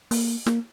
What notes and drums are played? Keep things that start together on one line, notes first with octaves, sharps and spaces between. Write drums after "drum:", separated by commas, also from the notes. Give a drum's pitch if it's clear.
A#3, drum: open hi-hat
A#3, drum: snare